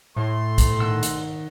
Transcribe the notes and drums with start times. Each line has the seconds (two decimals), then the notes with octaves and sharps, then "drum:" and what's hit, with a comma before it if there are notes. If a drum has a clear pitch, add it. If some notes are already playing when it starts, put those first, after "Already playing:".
0.16 A2 A3 C6
0.58 drum: kick B1, hi-hat
0.80 D#3 F#5 E6
1.03 drum: hi-hat